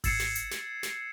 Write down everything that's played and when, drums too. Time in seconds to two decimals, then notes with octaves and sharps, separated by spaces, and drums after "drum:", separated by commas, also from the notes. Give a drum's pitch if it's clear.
0.04 E6 G#6 A6 C7 C#7 E7, drum: kick G#1, open hi-hat
0.20 drum: snare
0.35 drum: hi-hat
0.51 drum: snare
0.83 drum: snare